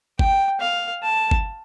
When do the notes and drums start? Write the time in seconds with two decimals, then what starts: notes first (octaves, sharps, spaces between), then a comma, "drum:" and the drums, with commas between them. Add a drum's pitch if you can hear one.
0.19 G5, drum: kick G1
0.60 F5
1.03 A5
1.31 drum: kick G1